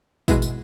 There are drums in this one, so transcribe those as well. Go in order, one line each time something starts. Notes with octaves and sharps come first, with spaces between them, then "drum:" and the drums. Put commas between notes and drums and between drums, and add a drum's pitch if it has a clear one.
B2 G#3 B3 E4, drum: kick, tambourine
drum: tambourine